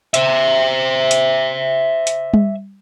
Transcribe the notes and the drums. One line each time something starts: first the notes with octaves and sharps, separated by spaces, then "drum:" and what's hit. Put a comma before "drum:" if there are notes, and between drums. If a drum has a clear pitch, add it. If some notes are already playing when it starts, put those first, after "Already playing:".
C5 E5, drum: hi-hat
drum: hi-hat
drum: hi-hat
drum: tom G3